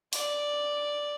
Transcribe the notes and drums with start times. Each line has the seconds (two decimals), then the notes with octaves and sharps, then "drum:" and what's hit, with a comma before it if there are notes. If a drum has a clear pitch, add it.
0.13 D5, drum: open hi-hat